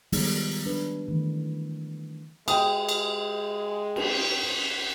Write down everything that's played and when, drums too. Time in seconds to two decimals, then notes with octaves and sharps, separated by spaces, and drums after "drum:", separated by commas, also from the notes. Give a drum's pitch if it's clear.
0.12 D#3 F3 G3 G#3 B3 D#4, drum: open hi-hat
0.66 D4 B4
1.08 D#3 E3 A3
2.48 G#3 G5 D#6, drum: cymbal
2.89 drum: cymbal
3.96 drum: cymbal